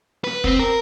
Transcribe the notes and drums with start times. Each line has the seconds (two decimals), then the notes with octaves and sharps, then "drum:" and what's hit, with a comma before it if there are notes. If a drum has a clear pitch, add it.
0.24 B4
0.44 C4, drum: kick
0.59 A#4